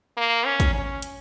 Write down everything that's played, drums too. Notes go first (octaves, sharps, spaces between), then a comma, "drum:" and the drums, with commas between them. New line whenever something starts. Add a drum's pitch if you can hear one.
A#3
C#4
drum: kick, hi-hat
C#4
drum: hi-hat